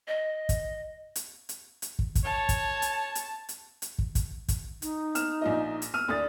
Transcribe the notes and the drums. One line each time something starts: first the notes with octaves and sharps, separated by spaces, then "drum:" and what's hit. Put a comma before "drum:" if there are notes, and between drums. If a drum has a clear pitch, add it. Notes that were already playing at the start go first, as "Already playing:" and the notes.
D#5
drum: kick, hi-hat
drum: hi-hat
drum: hi-hat
drum: hi-hat
drum: kick
drum: kick, hi-hat
C#5 A5
drum: kick, hi-hat
drum: hi-hat
drum: hi-hat
drum: hi-hat
drum: hi-hat
drum: kick
drum: kick, hi-hat
drum: kick, hi-hat
D#4, drum: hi-hat
F6 E7, drum: hi-hat
A#1 F4 D#5
drum: hi-hat
E6 F6 D#7
D2 D5 D#6 A6